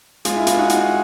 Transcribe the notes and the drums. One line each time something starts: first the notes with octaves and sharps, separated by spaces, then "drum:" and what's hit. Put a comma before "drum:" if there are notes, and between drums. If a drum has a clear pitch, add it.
G#3 F4, drum: hi-hat
E4
F4, drum: hi-hat
D#4 F#4
drum: hi-hat